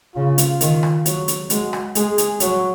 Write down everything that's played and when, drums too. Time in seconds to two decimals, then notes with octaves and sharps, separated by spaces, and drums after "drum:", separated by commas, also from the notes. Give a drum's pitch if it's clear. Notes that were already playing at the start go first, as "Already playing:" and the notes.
0.15 C#3 F4
0.38 drum: hi-hat
0.61 D#3, drum: hi-hat
0.83 drum: rim click
1.06 F#3, drum: hi-hat
1.28 drum: hi-hat
1.50 G#3 F#4, drum: hi-hat
1.73 drum: rim click
1.95 G#3 G#4, drum: hi-hat
2.18 drum: hi-hat
2.40 F#3 F#4, drum: hi-hat